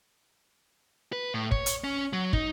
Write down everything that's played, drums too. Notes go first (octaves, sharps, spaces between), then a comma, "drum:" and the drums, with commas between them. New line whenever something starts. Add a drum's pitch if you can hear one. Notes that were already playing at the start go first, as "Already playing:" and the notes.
B4
A2
C#5, drum: kick
drum: hi-hat
C#4
F#3
D#4, drum: kick